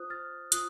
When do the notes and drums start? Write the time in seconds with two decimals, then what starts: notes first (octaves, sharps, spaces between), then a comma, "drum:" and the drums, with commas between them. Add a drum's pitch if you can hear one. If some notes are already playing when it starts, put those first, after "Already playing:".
Already playing: F4 C5 D#6 F#6
0.10 F6 A6
0.52 F4 D#6 F#6, drum: hi-hat